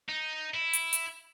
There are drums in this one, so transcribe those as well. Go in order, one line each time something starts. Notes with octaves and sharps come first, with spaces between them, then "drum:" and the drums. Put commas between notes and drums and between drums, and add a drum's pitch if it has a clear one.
D#4
E4
drum: hi-hat
drum: hi-hat